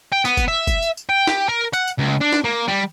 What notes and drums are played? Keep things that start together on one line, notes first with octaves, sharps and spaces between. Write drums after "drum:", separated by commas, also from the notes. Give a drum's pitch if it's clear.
G5
B3, drum: tambourine
drum: kick, tambourine
E5
drum: kick, tambourine
drum: tambourine
drum: tambourine
G5
G4, drum: snare
A#4
F#5, drum: tambourine
drum: tambourine
C#2
D4
drum: snare
A#3
G3